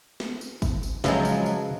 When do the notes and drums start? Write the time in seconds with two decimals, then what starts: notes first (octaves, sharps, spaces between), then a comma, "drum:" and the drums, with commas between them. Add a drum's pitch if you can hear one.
0.20 drum: snare
0.41 drum: tambourine
0.62 drum: kick, tambourine
0.83 drum: tambourine
1.04 C#3 F3 F#3 G#3 B4 E5, drum: snare
1.25 drum: tambourine
1.46 drum: tambourine